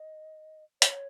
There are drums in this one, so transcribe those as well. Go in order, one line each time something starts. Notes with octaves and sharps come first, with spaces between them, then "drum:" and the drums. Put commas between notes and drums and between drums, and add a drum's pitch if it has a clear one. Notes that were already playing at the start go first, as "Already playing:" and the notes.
Already playing: D#5
C#5, drum: hi-hat